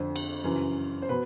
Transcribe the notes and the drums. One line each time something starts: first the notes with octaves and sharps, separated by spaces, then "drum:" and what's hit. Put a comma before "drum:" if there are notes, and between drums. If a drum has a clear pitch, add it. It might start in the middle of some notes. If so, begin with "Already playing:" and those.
Already playing: F2 D3 C5
drum: cymbal
F#2 C#3 E3
C5
B2 B4